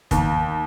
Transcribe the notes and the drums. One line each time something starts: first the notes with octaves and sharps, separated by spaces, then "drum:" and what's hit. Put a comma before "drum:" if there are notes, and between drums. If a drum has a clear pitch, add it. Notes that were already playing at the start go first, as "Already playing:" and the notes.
D#2, drum: kick, hi-hat